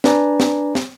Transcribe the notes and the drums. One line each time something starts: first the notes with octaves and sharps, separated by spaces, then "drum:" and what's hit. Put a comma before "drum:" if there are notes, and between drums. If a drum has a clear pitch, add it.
D4 B4 D5 G#5 A#5, drum: snare
drum: snare
drum: snare